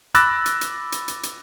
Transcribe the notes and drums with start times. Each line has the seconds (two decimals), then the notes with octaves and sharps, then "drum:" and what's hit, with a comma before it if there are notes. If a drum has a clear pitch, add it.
0.15 B5 D6 E6 F#6 A6 A#6, drum: hi-hat
0.46 drum: hi-hat
0.61 drum: hi-hat
0.92 drum: hi-hat
1.08 drum: hi-hat
1.23 drum: hi-hat